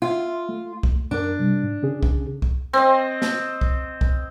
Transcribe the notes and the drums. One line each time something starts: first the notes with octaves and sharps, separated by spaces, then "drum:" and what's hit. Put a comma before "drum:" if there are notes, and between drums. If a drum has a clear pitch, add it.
F4 E5
A3
drum: kick
F#2 D4 A#4
C3 G3
G#2
C#3 C#4 G#4
drum: kick
drum: kick
C4 D#5
drum: snare
drum: kick
drum: kick